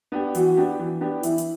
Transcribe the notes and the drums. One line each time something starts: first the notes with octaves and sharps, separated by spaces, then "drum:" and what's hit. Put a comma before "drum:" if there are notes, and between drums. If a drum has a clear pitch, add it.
B3 D4 G4
E3 F#4, drum: hi-hat
B3 D4 G4
E3
B3 D4 G4
E3 E4, drum: hi-hat
drum: hi-hat